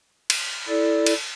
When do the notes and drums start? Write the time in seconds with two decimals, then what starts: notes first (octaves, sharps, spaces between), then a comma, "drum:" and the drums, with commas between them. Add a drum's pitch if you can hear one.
0.30 drum: cymbal
0.68 E4 A4 D5
1.06 drum: cymbal